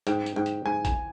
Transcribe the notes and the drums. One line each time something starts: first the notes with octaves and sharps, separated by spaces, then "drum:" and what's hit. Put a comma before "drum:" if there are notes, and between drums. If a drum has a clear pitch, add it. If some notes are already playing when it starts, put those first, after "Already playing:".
G#2 G5, drum: hi-hat
drum: hi-hat
G#2 G5
drum: hi-hat
G#2 G#5
G#5, drum: kick A1, hi-hat